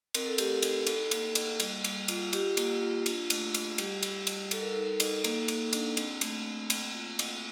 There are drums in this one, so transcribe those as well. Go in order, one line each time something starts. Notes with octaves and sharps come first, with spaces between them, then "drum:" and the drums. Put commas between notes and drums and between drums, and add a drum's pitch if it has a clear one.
C4 A#4, drum: cymbal
A4
A3 G4, drum: cymbal
A4
D#4, drum: cymbal
D#4 A4, drum: cymbal
A#3, drum: cymbal
A#3, drum: cymbal
G3, drum: cymbal
G3, drum: cymbal
F4, drum: cymbal
F4 G4, drum: cymbal
A#3, drum: cymbal
F4
D4, drum: cymbal
A3, drum: cymbal
A3, drum: cymbal
G3 G4, drum: cymbal
G3, drum: cymbal
G3, drum: cymbal
D#4 A4, drum: cymbal
A#4
D#4 A4
D#4, drum: cymbal
A#3, drum: cymbal
A#3, drum: cymbal
D4, drum: cymbal
C4, drum: cymbal
A3, drum: cymbal
C4
A#3, drum: cymbal
F4
A#3, drum: cymbal